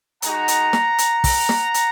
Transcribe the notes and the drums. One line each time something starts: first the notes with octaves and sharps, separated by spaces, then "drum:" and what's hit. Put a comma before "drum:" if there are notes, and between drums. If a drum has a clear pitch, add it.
G#3 D#4 F#4 F#5 A#5, drum: hi-hat
drum: hi-hat
drum: snare
drum: hi-hat
drum: kick, open hi-hat
drum: snare
drum: hi-hat